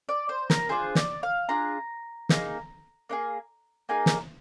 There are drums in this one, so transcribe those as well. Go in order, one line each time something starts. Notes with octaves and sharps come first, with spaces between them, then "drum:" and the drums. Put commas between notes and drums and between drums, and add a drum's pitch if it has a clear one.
D5
C5
A#4, drum: snare
D4 F4 G#4 C5
D5, drum: snare
F5
D4 F4 G#4 A#5
A#3 D#4 G#4, drum: snare
A#3 D#4 G#4
A#3 D#4 G#4 G#5
drum: snare